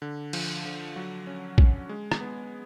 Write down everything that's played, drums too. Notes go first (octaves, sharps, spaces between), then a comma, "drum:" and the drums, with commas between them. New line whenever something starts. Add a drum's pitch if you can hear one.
D3
F3, drum: cymbal
D3
F#3
C#4
C#4, drum: kick
G#3
drum: rim click
B3